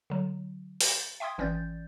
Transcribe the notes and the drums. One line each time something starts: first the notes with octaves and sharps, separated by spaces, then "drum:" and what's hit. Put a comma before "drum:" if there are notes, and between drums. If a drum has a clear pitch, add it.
D3 F#3
A6, drum: open hi-hat
E5 G5 C6 D#6 G#6
G#1 E3 C#4 D5 G6 A6